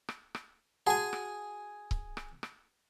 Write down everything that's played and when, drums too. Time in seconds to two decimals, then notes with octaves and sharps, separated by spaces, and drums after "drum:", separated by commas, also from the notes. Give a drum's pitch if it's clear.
0.09 drum: rim click
0.35 drum: rim click
0.87 F#4 G#4 F#5 G#5 A5
1.13 drum: rim click
1.91 drum: kick C#1
2.17 drum: rim click
2.43 drum: rim click